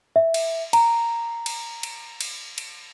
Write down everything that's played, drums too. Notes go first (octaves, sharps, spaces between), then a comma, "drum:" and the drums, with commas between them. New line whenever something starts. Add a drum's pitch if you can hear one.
E5
drum: cymbal
A#5, drum: cymbal
drum: cymbal
drum: cymbal
drum: cymbal
drum: cymbal